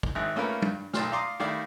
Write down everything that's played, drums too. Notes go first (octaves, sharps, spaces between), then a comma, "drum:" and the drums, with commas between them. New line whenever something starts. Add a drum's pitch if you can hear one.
drum: kick
G#1 G#2 E5 F#6
A3 A#3 C#4 F4 A#4 B4
G2, drum: tom
B1 A5 C6 F6, drum: snare
D5 F5 A#5 C6 D6 D#6
D#3 G3 A3 E4 D5 F5